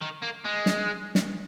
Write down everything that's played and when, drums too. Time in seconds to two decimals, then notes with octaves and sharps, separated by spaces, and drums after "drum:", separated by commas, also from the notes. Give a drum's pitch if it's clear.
0.01 D#3
0.22 A#3
0.44 G#3
0.66 drum: snare
1.15 drum: snare